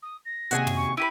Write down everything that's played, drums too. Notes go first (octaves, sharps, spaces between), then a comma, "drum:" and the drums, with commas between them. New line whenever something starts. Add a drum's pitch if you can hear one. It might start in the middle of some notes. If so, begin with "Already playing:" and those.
D#6
A#6
D#2 C3 C#4 F#4 G#4 G#5, drum: hi-hat
drum: tom
C#6
E4 G4 B5 D#7